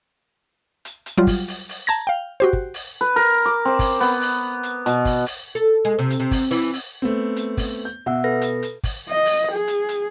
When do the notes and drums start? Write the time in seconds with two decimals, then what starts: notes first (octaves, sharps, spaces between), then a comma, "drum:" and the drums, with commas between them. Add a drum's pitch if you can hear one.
0.85 drum: hi-hat
1.06 drum: hi-hat
1.18 F#3 G3 F4
1.27 drum: kick, open hi-hat
1.48 drum: open hi-hat
1.69 drum: open hi-hat
1.87 A5 A#5 G#6 A#6
2.07 F5 G5
2.40 F#4 G4 C5
2.53 drum: kick
2.74 drum: open hi-hat
3.01 B4
3.16 A#4
3.45 D6
3.65 C4
3.79 drum: kick, open hi-hat
4.00 B3, drum: open hi-hat
4.21 drum: open hi-hat
4.63 drum: hi-hat
4.86 B2, drum: hi-hat
5.05 drum: kick, open hi-hat
5.26 drum: open hi-hat
5.55 A4
5.85 G#3
5.99 C3
6.10 drum: hi-hat
6.20 C3
6.31 drum: kick, open hi-hat
6.51 E3, drum: open hi-hat
6.73 drum: open hi-hat
7.02 A3 B3 C4
7.36 drum: hi-hat
7.57 drum: kick, open hi-hat
7.85 G6
8.06 B2 E5 F#5 E6
8.24 A4 B4 A#6
8.41 drum: hi-hat
8.62 drum: hi-hat
8.84 drum: kick, open hi-hat
9.09 D#5
9.26 drum: open hi-hat
9.52 G#4
9.68 drum: hi-hat
9.89 drum: hi-hat